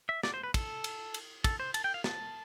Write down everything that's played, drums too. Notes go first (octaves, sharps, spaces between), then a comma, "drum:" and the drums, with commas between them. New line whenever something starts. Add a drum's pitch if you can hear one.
E5
D5, drum: snare
C5
B4
A4, drum: kick, cymbal
drum: cymbal
drum: cymbal
A4, drum: kick, cymbal
C5
A5, drum: cymbal
G5
F5
A5, drum: snare